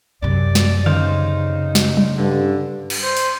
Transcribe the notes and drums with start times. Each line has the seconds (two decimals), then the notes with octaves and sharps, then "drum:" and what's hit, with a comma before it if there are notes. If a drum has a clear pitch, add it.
0.22 F#2 C3 D5
0.55 drum: snare
0.86 C#3 D#4 C5 F5, drum: tom C#3
1.75 drum: snare
1.97 drum: tom F#3
2.17 G2 D3
2.90 drum: cymbal
3.03 C5
3.17 drum: open hi-hat